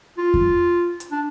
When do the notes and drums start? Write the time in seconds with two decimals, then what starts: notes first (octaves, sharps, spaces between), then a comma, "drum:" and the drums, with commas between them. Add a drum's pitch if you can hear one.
0.18 F4
0.34 drum: kick F2
1.00 drum: hi-hat
1.11 D4